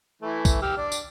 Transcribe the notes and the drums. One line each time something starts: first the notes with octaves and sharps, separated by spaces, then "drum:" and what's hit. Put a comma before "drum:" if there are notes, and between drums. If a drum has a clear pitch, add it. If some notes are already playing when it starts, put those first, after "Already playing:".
E3 A3 E4
drum: kick B1, tambourine
G4 E6 F6
D4 D5
drum: tambourine